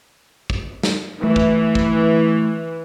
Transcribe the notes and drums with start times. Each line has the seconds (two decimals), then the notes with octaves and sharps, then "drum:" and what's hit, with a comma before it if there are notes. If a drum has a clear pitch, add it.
0.50 drum: kick
0.83 drum: snare
1.23 E3 A3
1.36 drum: kick
1.75 drum: kick